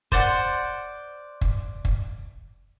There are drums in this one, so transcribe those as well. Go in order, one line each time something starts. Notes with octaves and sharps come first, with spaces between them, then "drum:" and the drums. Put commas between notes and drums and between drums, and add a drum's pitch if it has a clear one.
C5 D5 F#5, drum: kick
drum: kick
drum: kick